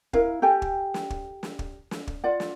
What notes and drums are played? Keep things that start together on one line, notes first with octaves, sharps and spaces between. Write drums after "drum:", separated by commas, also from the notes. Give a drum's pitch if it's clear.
E4 A#4 F5, drum: kick
G4 A4 G5 G#5
drum: kick
drum: snare
drum: kick
drum: snare
drum: kick
drum: snare
drum: kick
F4 D5 F#5
drum: snare